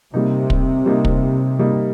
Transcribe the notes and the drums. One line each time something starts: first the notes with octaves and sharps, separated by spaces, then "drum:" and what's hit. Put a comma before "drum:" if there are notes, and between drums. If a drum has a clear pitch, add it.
C3 G3 A#3 D#4
drum: kick
G3 A#3 D#4
drum: kick
G3 A#3 D#4